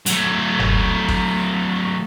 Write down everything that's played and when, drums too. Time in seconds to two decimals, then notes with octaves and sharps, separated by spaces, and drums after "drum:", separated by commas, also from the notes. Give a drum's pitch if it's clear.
0.06 F#3 A3, drum: hi-hat
0.59 drum: tom F#1
1.09 drum: kick